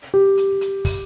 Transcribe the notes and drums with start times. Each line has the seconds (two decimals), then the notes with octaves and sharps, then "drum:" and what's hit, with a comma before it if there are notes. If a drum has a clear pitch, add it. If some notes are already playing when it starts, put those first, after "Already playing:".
0.14 G4
0.37 drum: hi-hat
0.61 drum: hi-hat
0.85 drum: kick, open hi-hat